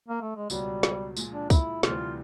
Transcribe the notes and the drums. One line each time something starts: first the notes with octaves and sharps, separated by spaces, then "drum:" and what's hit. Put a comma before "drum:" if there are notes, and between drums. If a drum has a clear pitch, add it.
A#3
A3
G#3
C#2 B2 F#3 G3, drum: tambourine
drum: snare
A#2 F3 G#3, drum: tambourine
D4
E4, drum: kick, tambourine
D2 C3 E3 G3 F4, drum: snare